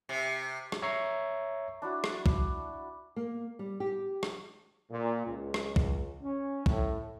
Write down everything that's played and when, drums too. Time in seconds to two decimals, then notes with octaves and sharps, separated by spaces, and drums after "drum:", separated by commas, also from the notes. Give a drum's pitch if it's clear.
0.09 C3
0.72 drum: rim click
0.82 C#5 E5 A#5 C#6 C7
1.82 D4 E4 F#4
2.04 drum: rim click
2.26 drum: kick B1
3.16 A#3
3.59 G3
3.80 G4
4.23 drum: rim click
4.91 A#2
5.25 C#2
5.54 drum: rim click
5.76 drum: kick B1
6.21 C#4
6.66 A2, drum: kick B1